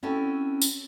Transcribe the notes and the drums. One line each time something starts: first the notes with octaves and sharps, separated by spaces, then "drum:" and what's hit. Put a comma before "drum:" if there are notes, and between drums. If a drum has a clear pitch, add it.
C4 C#4 E4 F#4 A4
drum: tambourine